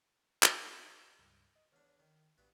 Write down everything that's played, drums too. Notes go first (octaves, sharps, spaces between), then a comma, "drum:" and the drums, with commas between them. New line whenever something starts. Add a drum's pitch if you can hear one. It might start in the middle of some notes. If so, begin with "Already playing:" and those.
drum: clap
C#2 G2
D#5
E2 D4 C#5 F6
D#3
A1 G2 B3 F#4